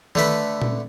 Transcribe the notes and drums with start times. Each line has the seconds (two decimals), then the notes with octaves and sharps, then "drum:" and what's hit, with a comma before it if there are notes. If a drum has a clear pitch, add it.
0.15 D3 A3 B4, drum: tom D#3
0.62 drum: tom A#2